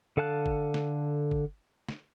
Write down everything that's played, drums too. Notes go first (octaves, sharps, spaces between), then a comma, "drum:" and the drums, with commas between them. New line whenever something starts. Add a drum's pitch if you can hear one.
D3 A4 F5 A5 F#6
drum: kick
drum: snare
drum: kick
drum: snare